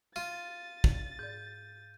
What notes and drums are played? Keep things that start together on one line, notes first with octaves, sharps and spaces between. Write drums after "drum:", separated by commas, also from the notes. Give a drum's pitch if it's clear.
F4 A6 D#7
drum: kick
G#2 D5 G6